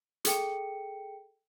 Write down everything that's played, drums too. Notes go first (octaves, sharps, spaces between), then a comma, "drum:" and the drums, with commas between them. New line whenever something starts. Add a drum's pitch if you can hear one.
G#4 A4 G5 C#7, drum: hi-hat